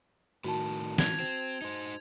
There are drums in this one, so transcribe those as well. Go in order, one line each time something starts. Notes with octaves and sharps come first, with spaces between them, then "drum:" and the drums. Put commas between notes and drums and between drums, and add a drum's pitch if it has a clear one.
A2 D#3 F#4 A5
G#6 F7, drum: snare
C4
D#4 C5